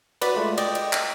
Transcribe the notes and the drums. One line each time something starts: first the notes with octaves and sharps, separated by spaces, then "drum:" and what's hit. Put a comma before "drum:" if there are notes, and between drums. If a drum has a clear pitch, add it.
F#4 B4 D5 B5, drum: cymbal
G#3 A3 F4
D5 D#5 G5, drum: cymbal
drum: cymbal
drum: clap